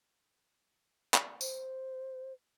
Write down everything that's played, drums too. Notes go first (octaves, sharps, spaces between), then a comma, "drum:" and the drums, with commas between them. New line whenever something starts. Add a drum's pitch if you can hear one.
drum: clap
C5, drum: tambourine